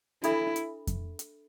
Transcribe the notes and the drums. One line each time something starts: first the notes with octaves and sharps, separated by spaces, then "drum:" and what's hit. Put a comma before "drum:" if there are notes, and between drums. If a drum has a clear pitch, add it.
D4 E4 A4 E5 B5, drum: hi-hat
drum: hi-hat
drum: kick F2, hi-hat
drum: hi-hat